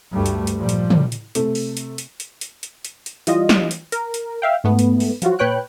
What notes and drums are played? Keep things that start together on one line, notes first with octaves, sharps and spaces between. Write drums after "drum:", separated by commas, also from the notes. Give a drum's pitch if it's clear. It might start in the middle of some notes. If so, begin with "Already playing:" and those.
D2 G2 G3 A3
drum: hi-hat
drum: hi-hat
A#2 F3 G3
drum: hi-hat
drum: tom
drum: hi-hat
C3 A3, drum: hi-hat
drum: open hi-hat
drum: hi-hat
drum: hi-hat
drum: hi-hat
drum: hi-hat
drum: hi-hat
drum: hi-hat
drum: hi-hat
E3 G3 F4 D#5, drum: hi-hat
drum: snare
drum: hi-hat
A#4, drum: hi-hat
drum: hi-hat
E5 F5 G5
G#2 A3 B3
drum: hi-hat
drum: open hi-hat
F3 F#3 F4 F#4, drum: hi-hat
A#2 B4 C#5 G5 F#6